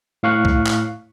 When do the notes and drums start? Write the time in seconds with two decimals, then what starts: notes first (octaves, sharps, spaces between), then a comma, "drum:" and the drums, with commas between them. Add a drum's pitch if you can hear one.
0.23 A2 F5 C#6 F#6
0.45 drum: kick
0.67 drum: clap